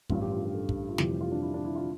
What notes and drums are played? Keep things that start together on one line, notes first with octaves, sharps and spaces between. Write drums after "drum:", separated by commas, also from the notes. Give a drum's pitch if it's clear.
A1 G2 F3 F4, drum: kick
G4
F4
G4
A4
drum: kick
F4
F1 F2 E3 G3 G4, drum: snare
F4
D4
E4
D4
E4
F4